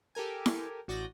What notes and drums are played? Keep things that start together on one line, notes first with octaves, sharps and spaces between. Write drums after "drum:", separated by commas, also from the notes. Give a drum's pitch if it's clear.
G4 A4 A#4 G#5
drum: snare E4
A1 F#4 D5 D#6 G6 A#6